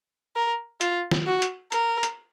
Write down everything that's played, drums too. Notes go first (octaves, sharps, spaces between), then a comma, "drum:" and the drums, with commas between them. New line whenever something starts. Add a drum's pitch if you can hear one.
A#4
F4, drum: hi-hat
drum: snare
F#4
drum: hi-hat
A#4, drum: hi-hat
drum: hi-hat